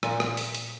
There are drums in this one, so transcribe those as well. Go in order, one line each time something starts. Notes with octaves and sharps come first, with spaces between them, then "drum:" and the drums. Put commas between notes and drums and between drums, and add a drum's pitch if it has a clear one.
A#2, drum: rim click
drum: rim click
drum: open hi-hat
drum: hi-hat